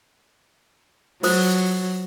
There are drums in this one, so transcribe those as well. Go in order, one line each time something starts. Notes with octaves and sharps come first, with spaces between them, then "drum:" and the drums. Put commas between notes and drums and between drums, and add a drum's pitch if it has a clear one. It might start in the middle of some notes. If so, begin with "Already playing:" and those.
F#3 F4 C5 D#6, drum: open hi-hat